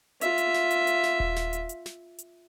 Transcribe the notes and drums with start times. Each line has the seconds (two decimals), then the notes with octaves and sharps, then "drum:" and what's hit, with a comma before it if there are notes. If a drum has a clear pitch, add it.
0.21 F4 E5, drum: hi-hat
0.38 drum: hi-hat
0.54 drum: snare
0.71 drum: hi-hat
0.87 drum: hi-hat
1.03 drum: snare
1.20 drum: kick D#1
1.36 drum: snare
1.53 drum: hi-hat
1.69 drum: hi-hat
1.86 drum: snare
2.18 drum: hi-hat